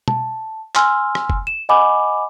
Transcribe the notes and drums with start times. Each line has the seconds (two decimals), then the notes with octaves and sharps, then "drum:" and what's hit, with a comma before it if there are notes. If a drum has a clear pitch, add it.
0.08 A5, drum: tom
0.76 G#5 C6 E6 F6, drum: clap
1.15 drum: rim click
1.30 drum: kick
1.47 E7
1.69 D#5 F#5 G#5 B5 D6